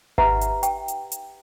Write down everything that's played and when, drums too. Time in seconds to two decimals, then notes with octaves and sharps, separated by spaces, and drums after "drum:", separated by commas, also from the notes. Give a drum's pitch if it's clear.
0.18 D#4 G4 B4 E5 F#5 A#5, drum: kick G#1
0.41 drum: hi-hat
0.63 G5, drum: hi-hat
0.88 drum: hi-hat
1.12 drum: hi-hat